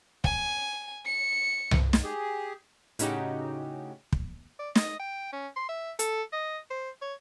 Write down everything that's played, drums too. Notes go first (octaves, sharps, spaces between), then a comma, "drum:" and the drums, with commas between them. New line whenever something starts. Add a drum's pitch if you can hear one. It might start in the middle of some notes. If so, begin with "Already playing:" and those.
G#5, drum: kick
C#7
drum: tom C2
drum: snare
G4 G#4
A2 C#3 C#4 D#4 F#4 G4, drum: hi-hat
drum: kick
D5
D#5, drum: snare
G5
C#4
C6
E5
A4, drum: hi-hat
D#5
C5
C#5